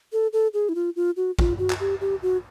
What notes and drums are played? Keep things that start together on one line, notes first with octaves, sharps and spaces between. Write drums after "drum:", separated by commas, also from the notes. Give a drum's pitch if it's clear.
A4
A4
G#4
E4
F4
F4
F#4
F4, drum: kick A1
F#4
drum: clap
G4
G4
F#4